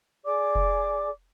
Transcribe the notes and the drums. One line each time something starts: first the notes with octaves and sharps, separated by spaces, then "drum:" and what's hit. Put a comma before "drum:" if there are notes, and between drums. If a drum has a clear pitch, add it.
G#4 D5 D6
drum: kick F1